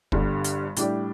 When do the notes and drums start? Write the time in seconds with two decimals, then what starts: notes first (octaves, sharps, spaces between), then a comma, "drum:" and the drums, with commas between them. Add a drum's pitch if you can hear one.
0.12 G1 G2 D3 G3, drum: kick
0.44 drum: hi-hat
0.76 A2 G3 D4 G4 D5, drum: hi-hat